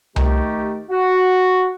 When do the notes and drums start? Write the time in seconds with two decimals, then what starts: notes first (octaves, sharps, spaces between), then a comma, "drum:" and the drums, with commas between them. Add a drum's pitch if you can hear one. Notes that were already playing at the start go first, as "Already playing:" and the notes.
0.16 D#3 A3 G4, drum: tom C2
0.90 F#4